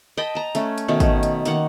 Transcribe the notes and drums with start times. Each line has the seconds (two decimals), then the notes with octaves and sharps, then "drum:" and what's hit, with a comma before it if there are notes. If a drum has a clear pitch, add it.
0.17 D#5 G5 A5 B5
0.35 A5 A#5
0.55 A3 C#4, drum: hi-hat
0.78 drum: hi-hat
0.88 B2 D#3 A3 C#4
1.00 drum: kick, hi-hat
1.23 drum: hi-hat
1.45 D#3 A#3 F#5, drum: hi-hat